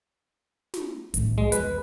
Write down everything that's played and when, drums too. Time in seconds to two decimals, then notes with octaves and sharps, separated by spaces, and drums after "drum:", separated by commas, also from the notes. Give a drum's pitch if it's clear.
0.74 drum: snare
1.14 B1 A2, drum: hi-hat
1.38 G#3
1.52 E2 B4, drum: hi-hat